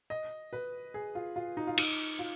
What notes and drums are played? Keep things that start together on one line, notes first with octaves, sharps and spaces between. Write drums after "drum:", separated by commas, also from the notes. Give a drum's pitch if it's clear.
D#5
B4
G#4
F4
F4
D#4
F4
D#4, drum: cymbal
F4